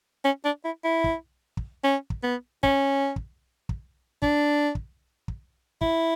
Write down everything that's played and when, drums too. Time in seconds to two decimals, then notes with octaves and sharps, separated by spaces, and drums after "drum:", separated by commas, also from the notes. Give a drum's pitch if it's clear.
0.25 C#4
0.45 D4
0.65 E4
0.84 E4
1.04 drum: kick
1.57 drum: kick
1.84 C#4
2.10 drum: kick
2.23 B3
2.63 C#4, drum: kick
3.16 drum: kick
3.69 drum: kick
4.22 D4, drum: kick
4.75 drum: kick
5.28 drum: kick
5.81 E4, drum: kick